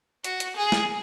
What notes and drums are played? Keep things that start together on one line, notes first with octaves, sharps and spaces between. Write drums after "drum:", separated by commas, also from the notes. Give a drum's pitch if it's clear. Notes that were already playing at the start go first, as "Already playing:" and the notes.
F#4, drum: hi-hat
drum: hi-hat
G#4
drum: snare